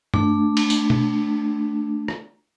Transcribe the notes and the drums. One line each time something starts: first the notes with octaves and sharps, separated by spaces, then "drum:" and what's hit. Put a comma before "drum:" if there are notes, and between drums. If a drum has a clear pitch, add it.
A3 D4, drum: tom G2
drum: cymbal
drum: tambourine
drum: tom B2
drum: rim click